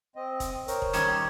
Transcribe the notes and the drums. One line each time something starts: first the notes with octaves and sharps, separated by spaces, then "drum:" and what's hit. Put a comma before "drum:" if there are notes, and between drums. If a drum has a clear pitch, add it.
C4 D#5
drum: kick E1, hi-hat
A#4 C5 C#5, drum: hi-hat
drum: kick E1
D#3 G3 C#4, drum: hi-hat